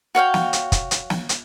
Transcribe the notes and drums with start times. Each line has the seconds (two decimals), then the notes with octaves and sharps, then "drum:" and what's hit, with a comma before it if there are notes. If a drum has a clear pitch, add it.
0.15 F#4 C#5 F5 G5
0.34 drum: snare
0.53 drum: hi-hat
0.72 drum: kick, hi-hat
0.91 drum: hi-hat
1.10 drum: snare
1.29 drum: hi-hat